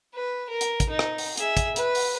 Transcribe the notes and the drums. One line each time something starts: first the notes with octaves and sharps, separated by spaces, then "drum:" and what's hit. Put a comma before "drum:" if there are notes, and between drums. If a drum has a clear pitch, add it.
B4
A#4
drum: hi-hat
drum: kick, hi-hat
D#4
drum: rim click
drum: open hi-hat
G#4 E5, drum: hi-hat
drum: kick, hi-hat
B4, drum: hi-hat
drum: open hi-hat